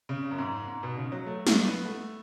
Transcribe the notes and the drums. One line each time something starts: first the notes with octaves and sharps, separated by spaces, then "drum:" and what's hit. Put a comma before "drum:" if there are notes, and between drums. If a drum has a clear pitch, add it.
C#3
F#2
G#2
G#2
B2
C#3
F#3
A3
A3, drum: snare
B3
A3